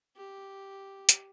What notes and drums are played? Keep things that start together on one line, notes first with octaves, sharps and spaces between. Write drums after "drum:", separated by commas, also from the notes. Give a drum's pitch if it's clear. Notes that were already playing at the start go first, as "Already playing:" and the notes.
G4
drum: hi-hat